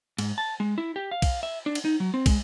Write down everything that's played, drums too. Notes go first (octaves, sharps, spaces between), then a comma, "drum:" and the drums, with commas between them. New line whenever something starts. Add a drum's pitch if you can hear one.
G#2, drum: cymbal
A5
G#3
E4
G4
F5
drum: kick, cymbal
E5
D4
drum: cymbal
D#4
F#3
C4
G#3, drum: kick, cymbal